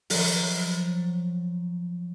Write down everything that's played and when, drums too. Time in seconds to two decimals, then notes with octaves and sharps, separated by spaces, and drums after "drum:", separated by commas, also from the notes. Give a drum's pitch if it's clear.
0.10 F3 F#3, drum: open hi-hat